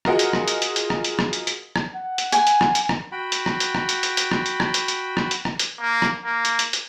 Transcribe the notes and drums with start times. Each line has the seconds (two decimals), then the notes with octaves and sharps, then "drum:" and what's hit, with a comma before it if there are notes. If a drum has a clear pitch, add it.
0.05 F4 F#4 G#4 A#4 D#5 F#5, drum: rim click
0.19 drum: hi-hat
0.33 drum: rim click
0.48 drum: hi-hat
0.62 drum: hi-hat
0.76 drum: hi-hat
0.90 drum: rim click
1.04 drum: hi-hat
1.19 drum: rim click
1.33 drum: hi-hat
1.47 drum: hi-hat
1.76 drum: rim click
1.95 F#5
2.18 drum: hi-hat
2.32 G#5, drum: hi-hat
2.47 drum: hi-hat
2.61 drum: rim click
2.75 drum: hi-hat
2.89 drum: rim click
3.12 F#4 G5 B5
3.32 drum: hi-hat
3.46 drum: rim click
3.60 drum: hi-hat
3.75 drum: rim click
3.89 drum: hi-hat
4.03 drum: hi-hat
4.17 drum: hi-hat
4.31 drum: rim click
4.46 drum: hi-hat
4.60 drum: rim click
4.74 drum: hi-hat
4.88 drum: hi-hat
5.17 drum: rim click
5.31 drum: hi-hat
5.45 drum: rim click
5.59 drum: hi-hat
5.79 A#3
6.02 drum: rim click
6.25 A#3
6.45 drum: hi-hat
6.59 drum: hi-hat
6.73 drum: hi-hat